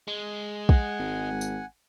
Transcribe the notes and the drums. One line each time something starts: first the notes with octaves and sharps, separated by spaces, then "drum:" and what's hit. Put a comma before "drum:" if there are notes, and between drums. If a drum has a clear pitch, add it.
G#3
F#5 G#5, drum: kick
G#1
drum: tambourine